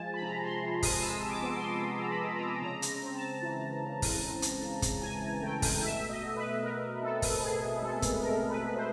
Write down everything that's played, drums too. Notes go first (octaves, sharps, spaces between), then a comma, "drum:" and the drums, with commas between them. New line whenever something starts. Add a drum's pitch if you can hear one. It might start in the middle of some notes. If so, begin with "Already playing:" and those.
Already playing: F3 G#3 G#5 A5
B5
C3 A#5
C6
C3
D#6, drum: kick, open hi-hat
G#3 E6
D6
B3
C6
B3
A#5
B5
G#3
A#5
C#3 A#5
drum: hi-hat
C4
A5
E3
C#3
drum: kick, open hi-hat
C4
drum: hi-hat
C#3
drum: kick, hi-hat
E3 G#5
A3 G5
drum: kick, open hi-hat
B2 E5
D#5
B2
B4
B2 A#4
C4 A4
drum: kick, open hi-hat
B2 G#4
G#3 A4
drum: kick, hi-hat
B2 A#4
B4
B2
C5